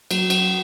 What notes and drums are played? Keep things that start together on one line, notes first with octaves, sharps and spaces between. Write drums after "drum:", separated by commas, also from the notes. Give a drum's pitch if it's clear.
F#3, drum: cymbal
drum: cymbal